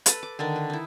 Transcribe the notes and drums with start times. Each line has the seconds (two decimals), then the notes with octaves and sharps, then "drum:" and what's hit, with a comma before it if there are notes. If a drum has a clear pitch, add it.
0.06 A4 B4, drum: hi-hat
0.23 D6
0.39 D3 D#3 D4 A#4
0.56 B4
0.70 D#4 E4